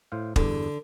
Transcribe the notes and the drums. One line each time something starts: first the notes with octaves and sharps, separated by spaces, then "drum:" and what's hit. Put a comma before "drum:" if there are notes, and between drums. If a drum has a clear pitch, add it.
A2 C5 F5
E2 G2 D3, drum: kick